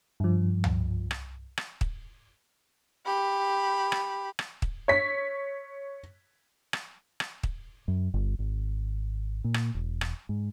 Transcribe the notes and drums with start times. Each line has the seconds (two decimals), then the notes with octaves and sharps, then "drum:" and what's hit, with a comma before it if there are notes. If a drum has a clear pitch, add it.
0.20 G2 F3
0.64 drum: tom C#2
1.11 drum: rim click
1.58 drum: rim click
1.81 drum: kick
3.06 G4 B5
3.92 drum: rim click
4.39 drum: rim click
4.62 drum: kick
4.88 C#5 B6
6.73 drum: rim click
7.20 drum: rim click
7.43 drum: kick
7.88 F#2
8.14 G1
8.39 G#1
9.44 A#2
9.54 drum: rim click
9.75 E1
10.01 drum: rim click
10.29 G#2